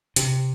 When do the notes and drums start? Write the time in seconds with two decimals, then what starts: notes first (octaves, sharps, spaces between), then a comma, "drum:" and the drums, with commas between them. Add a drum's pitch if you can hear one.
0.16 C3, drum: hi-hat